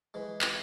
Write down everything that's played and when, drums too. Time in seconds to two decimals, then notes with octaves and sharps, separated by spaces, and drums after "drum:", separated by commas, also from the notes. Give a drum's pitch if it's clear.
0.14 E3 G#3
0.41 drum: clap